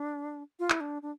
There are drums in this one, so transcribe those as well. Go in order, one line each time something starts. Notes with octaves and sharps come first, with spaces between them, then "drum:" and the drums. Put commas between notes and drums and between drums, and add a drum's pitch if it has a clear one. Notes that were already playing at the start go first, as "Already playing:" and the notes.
Already playing: D4
F4
E4, drum: clap
D4
D4